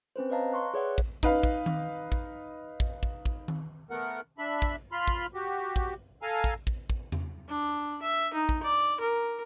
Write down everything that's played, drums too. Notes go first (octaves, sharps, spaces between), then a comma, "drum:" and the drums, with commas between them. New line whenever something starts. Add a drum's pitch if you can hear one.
C4 C#4 B4 C5
B4 C#5 D#5 F5 A5 A#5
C6 C#6 F#6
G#4 B4 C#5 D5 E5 F#5
drum: kick
D#4 B4 F5, drum: kick
drum: kick
drum: tom D#3
drum: kick
drum: kick
drum: kick
drum: kick
drum: tom D#3
A3 B3 A#4 F#5
D4 E5 B5
drum: kick
F4 B5 C6 F6
drum: kick
F#4 G4
drum: kick
A4 F5 G#5 A#5
drum: kick
drum: kick
drum: kick
drum: tom E2
D4
E5
D#4
drum: kick
D5
A#4